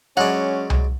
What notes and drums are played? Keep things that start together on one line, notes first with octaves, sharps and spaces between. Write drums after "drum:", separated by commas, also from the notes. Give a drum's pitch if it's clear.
F#3 G#3 C#4 D4 F#5
drum: tom C2